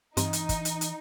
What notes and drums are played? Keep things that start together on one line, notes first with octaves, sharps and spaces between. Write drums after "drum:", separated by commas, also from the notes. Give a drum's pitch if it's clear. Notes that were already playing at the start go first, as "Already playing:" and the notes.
G2 E3 C4 D#4 D#5 A#5, drum: hi-hat
drum: hi-hat
drum: kick, hi-hat
drum: hi-hat
drum: hi-hat